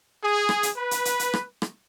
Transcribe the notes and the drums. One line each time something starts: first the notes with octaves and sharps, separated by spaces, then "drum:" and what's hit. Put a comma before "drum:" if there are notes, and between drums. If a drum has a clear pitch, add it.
G#4
drum: rim click
drum: hi-hat
B4
drum: hi-hat
drum: hi-hat
drum: hi-hat
drum: rim click
drum: rim click